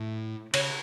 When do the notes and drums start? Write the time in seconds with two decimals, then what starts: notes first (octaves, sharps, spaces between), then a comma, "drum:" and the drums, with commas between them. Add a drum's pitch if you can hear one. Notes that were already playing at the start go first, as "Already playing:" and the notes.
Already playing: A2
0.54 C#3 C#5, drum: cymbal